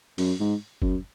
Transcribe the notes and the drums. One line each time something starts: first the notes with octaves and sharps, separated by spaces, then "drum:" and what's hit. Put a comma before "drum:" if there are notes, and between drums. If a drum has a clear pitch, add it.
F#2, drum: open hi-hat
G#2
F#2, drum: kick F#1